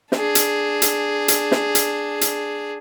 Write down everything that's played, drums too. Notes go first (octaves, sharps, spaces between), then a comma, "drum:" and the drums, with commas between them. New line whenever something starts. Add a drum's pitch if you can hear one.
D4 G#4, drum: snare
drum: hi-hat
drum: hi-hat
drum: hi-hat
drum: snare
drum: hi-hat
drum: hi-hat